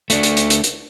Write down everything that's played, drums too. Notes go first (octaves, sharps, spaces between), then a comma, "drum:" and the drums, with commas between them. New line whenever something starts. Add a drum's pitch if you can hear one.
A3 D4, drum: hi-hat
drum: hi-hat
drum: hi-hat
drum: hi-hat
drum: hi-hat